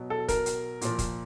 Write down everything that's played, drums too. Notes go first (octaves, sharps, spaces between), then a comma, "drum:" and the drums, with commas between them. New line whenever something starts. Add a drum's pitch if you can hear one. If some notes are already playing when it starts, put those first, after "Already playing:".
Already playing: B2 F#3
A4
A#4, drum: kick, hi-hat
drum: hi-hat
A#2 F3, drum: hi-hat
drum: kick, hi-hat